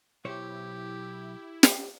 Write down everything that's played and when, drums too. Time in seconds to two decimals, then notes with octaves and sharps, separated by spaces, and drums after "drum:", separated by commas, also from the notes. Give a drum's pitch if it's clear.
0.25 B1 E4 G4 C5 C#5
1.63 drum: snare